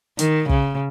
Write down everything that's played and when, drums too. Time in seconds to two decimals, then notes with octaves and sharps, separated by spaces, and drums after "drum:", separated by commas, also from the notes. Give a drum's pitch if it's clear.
0.19 D#3, drum: hi-hat
0.49 C#3, drum: kick